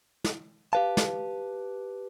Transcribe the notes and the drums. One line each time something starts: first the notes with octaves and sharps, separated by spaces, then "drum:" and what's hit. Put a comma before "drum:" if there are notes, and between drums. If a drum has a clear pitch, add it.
drum: snare
G4 B4 F5 A5
drum: snare